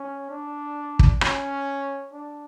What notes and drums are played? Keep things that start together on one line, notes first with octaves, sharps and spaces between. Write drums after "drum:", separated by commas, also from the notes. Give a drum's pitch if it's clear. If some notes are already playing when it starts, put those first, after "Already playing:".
Already playing: C#4
D4
drum: kick
C#4, drum: rim click
D4